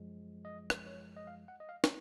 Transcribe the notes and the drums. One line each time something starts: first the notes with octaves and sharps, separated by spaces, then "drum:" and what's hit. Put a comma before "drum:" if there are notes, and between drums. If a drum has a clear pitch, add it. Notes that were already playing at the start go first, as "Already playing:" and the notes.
Already playing: F#2 F3 G#3
D#5
drum: rim click
C#5
D#5
F5
F#5
D#5
F5
C#5, drum: snare